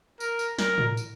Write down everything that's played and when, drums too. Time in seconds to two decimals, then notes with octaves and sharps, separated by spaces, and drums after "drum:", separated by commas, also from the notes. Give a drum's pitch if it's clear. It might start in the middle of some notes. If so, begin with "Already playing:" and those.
0.20 A#4, drum: tambourine
0.39 drum: tambourine
0.58 A#4, drum: snare
0.78 drum: tom A2
0.97 drum: tambourine